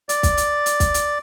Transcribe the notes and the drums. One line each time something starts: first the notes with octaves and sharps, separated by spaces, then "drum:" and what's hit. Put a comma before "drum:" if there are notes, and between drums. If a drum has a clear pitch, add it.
D5, drum: hi-hat
drum: kick, hi-hat
drum: hi-hat
drum: hi-hat
drum: kick, hi-hat
drum: hi-hat